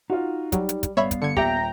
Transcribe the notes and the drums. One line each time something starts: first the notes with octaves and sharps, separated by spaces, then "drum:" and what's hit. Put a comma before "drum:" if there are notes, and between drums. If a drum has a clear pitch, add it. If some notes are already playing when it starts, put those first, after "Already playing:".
D#4 F4 F#4
F#3 G3, drum: kick, hi-hat
drum: hi-hat
drum: kick, hi-hat
G2 B3 C#5 E5 F5 B5
drum: kick, hi-hat
D3 G#6 C#7
D#1 G4 E5 G5 A#5, drum: kick